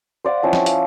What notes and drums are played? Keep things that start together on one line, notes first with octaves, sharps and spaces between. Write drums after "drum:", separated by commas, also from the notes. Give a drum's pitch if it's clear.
C5 D5 F5 F#5
F3 C#4 E4 G5
drum: snare
F5, drum: hi-hat